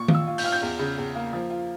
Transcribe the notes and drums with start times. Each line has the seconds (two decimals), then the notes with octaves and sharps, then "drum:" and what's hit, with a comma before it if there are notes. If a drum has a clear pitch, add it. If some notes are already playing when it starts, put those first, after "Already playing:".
Already playing: A#2 C#6
0.08 F4, drum: tom D#3
0.14 E6
0.27 F4
0.38 G6, drum: open hi-hat
0.44 F4 F6
0.52 G6
0.62 E2
0.79 C#3
0.98 E2
1.15 A#3
1.33 F3
1.50 F4